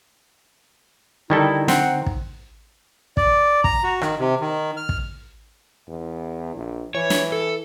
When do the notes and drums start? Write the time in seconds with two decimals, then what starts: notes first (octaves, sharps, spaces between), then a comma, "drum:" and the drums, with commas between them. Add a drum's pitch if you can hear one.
1.30 D3 D#3 G3 D#4 E4 A4 A#5
1.68 C4 F#5, drum: snare
2.06 drum: kick
3.17 D5, drum: kick
3.64 A#5, drum: kick
3.84 F#4
4.01 D#3, drum: rim click
4.19 C3
4.40 D#3
4.77 F6
4.89 drum: kick
5.88 E2
6.55 A#1
6.95 E3 C#5
7.10 drum: snare
7.32 A4